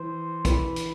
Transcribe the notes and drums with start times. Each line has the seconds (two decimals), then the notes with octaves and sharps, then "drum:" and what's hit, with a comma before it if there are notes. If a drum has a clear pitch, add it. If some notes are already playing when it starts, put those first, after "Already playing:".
Already playing: E3 C5
0.45 E3 B4, drum: kick, hi-hat
0.76 drum: hi-hat